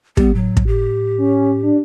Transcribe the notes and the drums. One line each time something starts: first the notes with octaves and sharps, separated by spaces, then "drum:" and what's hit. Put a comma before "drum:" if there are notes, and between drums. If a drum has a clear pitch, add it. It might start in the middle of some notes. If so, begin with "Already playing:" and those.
G3 B3 G4, drum: kick
A2 F#3
drum: kick
G4
C#4
D4